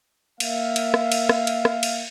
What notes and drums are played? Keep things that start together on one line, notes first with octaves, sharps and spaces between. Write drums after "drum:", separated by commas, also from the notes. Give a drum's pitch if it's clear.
A#3 E5 F5, drum: cymbal
drum: cymbal
drum: rim click
drum: cymbal
drum: rim click
drum: cymbal
drum: rim click
drum: cymbal